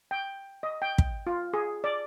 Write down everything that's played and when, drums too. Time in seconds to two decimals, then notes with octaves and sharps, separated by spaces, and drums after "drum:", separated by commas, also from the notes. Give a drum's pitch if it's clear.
0.11 G5
0.63 D#5
0.82 G5
0.98 drum: kick
1.27 F4
1.53 G#4
1.84 D5